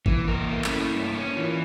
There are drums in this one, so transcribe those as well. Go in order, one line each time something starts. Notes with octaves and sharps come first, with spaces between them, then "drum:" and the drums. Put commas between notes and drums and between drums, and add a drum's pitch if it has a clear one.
E3 A#3, drum: kick
A#4
A#3
A3
C#4, drum: clap
E4
G2 D4
C#4
E3 F4